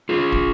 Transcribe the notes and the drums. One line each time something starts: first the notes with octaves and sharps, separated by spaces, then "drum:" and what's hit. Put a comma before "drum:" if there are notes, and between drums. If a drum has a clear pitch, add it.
F4 G#4
drum: kick